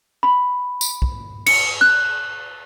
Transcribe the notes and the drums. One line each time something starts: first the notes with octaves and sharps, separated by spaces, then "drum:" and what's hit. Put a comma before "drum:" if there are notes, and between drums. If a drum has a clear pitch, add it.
B5
drum: tambourine
drum: kick
C#7, drum: cymbal
F#6